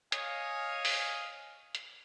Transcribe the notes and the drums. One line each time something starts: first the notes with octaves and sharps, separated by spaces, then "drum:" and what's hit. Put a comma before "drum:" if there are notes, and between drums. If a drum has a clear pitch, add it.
C#5 D#5 F5 G#5, drum: hi-hat
drum: open hi-hat
drum: hi-hat